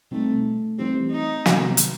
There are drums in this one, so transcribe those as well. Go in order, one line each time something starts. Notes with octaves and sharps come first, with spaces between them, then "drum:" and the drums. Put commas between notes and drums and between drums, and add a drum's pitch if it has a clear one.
B2 G3 A3 C4 D#4
E3 G3 C4 D#4 G4
D#4
C3 D#3 F#3 B3 F#4, drum: snare
drum: hi-hat